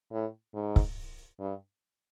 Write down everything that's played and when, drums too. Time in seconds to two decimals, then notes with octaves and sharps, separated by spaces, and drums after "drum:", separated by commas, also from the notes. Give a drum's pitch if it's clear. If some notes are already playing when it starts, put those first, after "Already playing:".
0.12 A2
0.54 G#2
0.76 drum: kick
1.40 G2